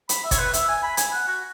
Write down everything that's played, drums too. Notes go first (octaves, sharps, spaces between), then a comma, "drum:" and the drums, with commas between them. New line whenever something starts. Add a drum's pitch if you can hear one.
B5, drum: hi-hat
E5
C#5, drum: kick, hi-hat
B4
E5, drum: hi-hat
G#5
B5
G#5, drum: hi-hat
F#5
F#4